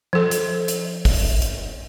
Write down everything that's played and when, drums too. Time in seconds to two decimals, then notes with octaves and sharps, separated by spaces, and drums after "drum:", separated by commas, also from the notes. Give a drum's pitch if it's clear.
0.13 F3 A4
0.31 drum: hi-hat
0.68 drum: hi-hat
1.05 drum: kick, open hi-hat
1.42 drum: hi-hat